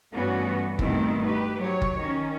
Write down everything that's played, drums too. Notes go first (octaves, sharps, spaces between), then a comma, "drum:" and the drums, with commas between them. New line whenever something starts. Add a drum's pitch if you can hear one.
G2 E3 A3 B3 C#4 F#4
G2 B2 D#3 A3 C4 E4, drum: kick
G4 B4
F#3 C#5
drum: kick
D#3 C#4